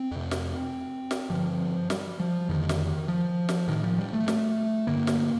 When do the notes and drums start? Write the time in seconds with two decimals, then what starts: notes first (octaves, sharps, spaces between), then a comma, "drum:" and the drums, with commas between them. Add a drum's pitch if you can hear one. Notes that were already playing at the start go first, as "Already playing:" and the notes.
Already playing: C4
0.11 F2 C3
0.31 drum: snare
1.11 drum: snare
1.30 G2 D3 F3
1.90 G3, drum: snare
2.20 F3
2.49 F2 D3 D#3
2.69 drum: snare
3.08 F3
3.49 drum: snare
3.68 A2 D#3
3.83 F3
3.98 G3
4.13 A3
4.28 A3, drum: snare
4.87 G2 D3 A#3
5.07 drum: snare